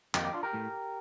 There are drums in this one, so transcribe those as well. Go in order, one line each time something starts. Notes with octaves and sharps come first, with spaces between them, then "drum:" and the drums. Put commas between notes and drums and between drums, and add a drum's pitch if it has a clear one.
F2 D#3 A#3 D#4 G4, drum: clap
D#4 G4
D4 F4
G4 A#4
A2 A3